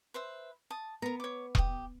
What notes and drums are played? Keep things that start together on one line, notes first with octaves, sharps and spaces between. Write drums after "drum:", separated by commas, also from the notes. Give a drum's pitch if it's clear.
B4 C5 E5
A5 D#6
B3 A#4 A#5
C#5 D6
G4 D#6, drum: kick E1